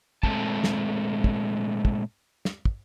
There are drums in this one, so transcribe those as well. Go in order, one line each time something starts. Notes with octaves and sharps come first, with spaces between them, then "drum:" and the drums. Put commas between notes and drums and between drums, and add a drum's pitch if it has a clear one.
A#2 G#3 A3 C4 A5, drum: kick
drum: snare
drum: kick
drum: kick
drum: snare
drum: kick